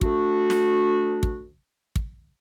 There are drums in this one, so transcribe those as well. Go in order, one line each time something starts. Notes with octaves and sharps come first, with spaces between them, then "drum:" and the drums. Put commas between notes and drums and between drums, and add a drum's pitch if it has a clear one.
D2 A3 D4 F#4, drum: kick
drum: snare
drum: kick
drum: kick